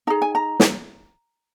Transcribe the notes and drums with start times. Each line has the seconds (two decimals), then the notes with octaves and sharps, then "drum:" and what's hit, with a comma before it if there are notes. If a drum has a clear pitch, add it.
0.07 D#4 G#4 A#5
0.22 G#5
0.35 A#5
0.60 drum: snare